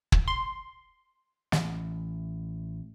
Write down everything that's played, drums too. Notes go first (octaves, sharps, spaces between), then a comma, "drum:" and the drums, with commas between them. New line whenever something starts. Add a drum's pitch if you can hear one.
drum: kick
C6
A1, drum: snare